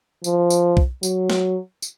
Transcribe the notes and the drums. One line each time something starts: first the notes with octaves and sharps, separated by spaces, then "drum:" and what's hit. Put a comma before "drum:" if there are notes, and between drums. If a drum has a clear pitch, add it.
F3, drum: tambourine
drum: tambourine
drum: kick
F#3, drum: tambourine
drum: snare
drum: tambourine